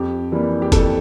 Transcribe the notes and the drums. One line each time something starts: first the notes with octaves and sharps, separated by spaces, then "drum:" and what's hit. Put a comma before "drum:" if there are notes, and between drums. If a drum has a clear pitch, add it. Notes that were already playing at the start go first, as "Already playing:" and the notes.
Already playing: F2 G4
E3 G3 A#3
G4
F2 A4, drum: kick F1, hi-hat